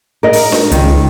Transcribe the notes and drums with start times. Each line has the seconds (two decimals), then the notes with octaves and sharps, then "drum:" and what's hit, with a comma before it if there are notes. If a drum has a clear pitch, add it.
0.23 A#4 D#5
0.33 drum: open hi-hat
0.52 drum: snare D4
0.72 C#2 D#3, drum: hi-hat